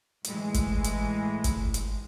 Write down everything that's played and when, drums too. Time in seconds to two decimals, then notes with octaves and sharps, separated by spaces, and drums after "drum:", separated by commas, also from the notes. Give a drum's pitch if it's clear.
0.24 A2 E3 G#3, drum: hi-hat
0.54 drum: kick, hi-hat
0.84 drum: hi-hat
1.44 drum: kick, hi-hat
1.74 drum: hi-hat